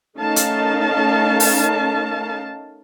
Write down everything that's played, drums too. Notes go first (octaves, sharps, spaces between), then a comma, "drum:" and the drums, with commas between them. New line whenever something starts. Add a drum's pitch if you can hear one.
A3 C#4 D#4 A#4 F5 A5
drum: hi-hat
drum: open hi-hat